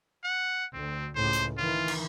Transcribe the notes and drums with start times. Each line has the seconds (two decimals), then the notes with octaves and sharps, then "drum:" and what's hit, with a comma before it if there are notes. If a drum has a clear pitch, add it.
0.24 F#5
0.74 D2 C4
1.15 C#2 A2 C5
1.33 drum: hi-hat
1.58 D#3 E3 F4
1.88 drum: cymbal